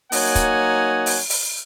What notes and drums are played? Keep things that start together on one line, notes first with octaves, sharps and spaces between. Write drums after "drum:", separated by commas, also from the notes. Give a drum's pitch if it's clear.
F#3 A#3 D#4 C#5 F#5 G#5, drum: open hi-hat
drum: kick, hi-hat
drum: open hi-hat
drum: open hi-hat